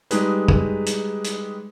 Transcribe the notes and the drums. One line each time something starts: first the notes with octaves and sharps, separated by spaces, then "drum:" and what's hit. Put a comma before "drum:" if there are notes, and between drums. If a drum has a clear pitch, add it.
G3 G#3 D#4 G#4 B4, drum: hi-hat
drum: kick
drum: hi-hat
drum: hi-hat